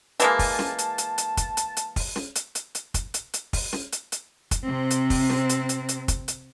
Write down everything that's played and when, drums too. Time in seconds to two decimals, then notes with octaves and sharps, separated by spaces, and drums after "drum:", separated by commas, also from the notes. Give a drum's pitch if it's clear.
0.20 E3 G#3 A#3 A5, drum: hi-hat
0.39 drum: kick, open hi-hat
0.59 drum: snare
0.78 drum: hi-hat
0.98 drum: hi-hat
1.18 drum: hi-hat
1.37 drum: kick, hi-hat
1.57 drum: hi-hat
1.77 drum: hi-hat
1.96 drum: kick, open hi-hat
2.16 drum: snare
2.35 drum: hi-hat
2.55 drum: hi-hat
2.75 drum: hi-hat
2.94 drum: kick, hi-hat
3.14 drum: hi-hat
3.34 drum: hi-hat
3.53 drum: kick, open hi-hat
3.73 drum: snare
3.92 drum: hi-hat
4.12 drum: hi-hat
4.51 drum: kick, hi-hat
4.64 C3 C4
4.90 drum: hi-hat
5.10 drum: kick, open hi-hat
5.30 drum: snare
5.49 drum: hi-hat
5.69 drum: hi-hat
5.89 drum: hi-hat
6.08 drum: kick, hi-hat
6.28 drum: hi-hat